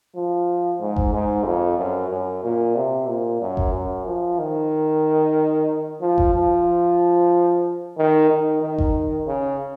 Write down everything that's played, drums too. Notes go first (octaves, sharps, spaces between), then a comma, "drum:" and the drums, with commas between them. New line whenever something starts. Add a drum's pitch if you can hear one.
F3
G#2
drum: kick F#1
G#2
F2
F#2
F#2
A#2
C3
A#2
F#2
drum: kick F#1
F#2
F3
D#3
F3
drum: kick F#1
F3
D#3
D#3
D#3
drum: kick F#1
C#3